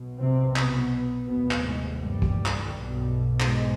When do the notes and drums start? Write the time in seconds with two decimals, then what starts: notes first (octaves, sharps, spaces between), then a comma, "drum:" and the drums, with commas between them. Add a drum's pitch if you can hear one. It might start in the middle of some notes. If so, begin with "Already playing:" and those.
Already playing: B1 B2
0.20 C3 C4
0.56 B2 B3, drum: clap
1.26 F1 D#2 B2 B3
1.51 drum: clap
1.62 G#2 G#3
1.98 G2 G3
2.22 drum: kick
2.46 drum: clap
2.70 B1 B2
3.40 G#2 G#3, drum: clap